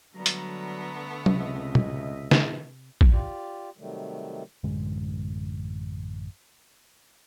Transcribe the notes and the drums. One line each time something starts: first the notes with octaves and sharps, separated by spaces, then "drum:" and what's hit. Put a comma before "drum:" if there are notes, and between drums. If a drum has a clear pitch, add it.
D3 F#3 G3 A3 B3 A#5
drum: hi-hat
C#2 C3 D#5 E5, drum: tom F#3
drum: tom
drum: snare
drum: kick
F4 G4 D5
C3 D#3 F#3 G3 A3
A1 F#2 D3 G#3